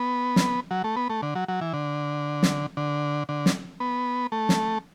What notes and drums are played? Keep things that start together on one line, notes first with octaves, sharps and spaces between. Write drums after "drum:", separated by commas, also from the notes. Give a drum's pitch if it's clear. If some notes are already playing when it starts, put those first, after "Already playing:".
Already playing: B3
drum: snare
F#3
A3
B3
A3
D3
F#3
F#3
E3
D3
drum: snare
D3
D3
drum: snare
B3
A3
drum: snare